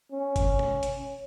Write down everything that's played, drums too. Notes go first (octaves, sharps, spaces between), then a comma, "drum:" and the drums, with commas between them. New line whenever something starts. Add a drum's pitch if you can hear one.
C#4
drum: kick G1, hi-hat
drum: tom B2
drum: hi-hat